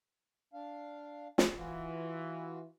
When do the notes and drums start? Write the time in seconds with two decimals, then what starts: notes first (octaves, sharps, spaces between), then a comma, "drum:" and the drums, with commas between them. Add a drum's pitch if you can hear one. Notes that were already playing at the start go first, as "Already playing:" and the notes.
0.53 D4 F5
1.38 drum: snare
1.57 E3 F4 F#4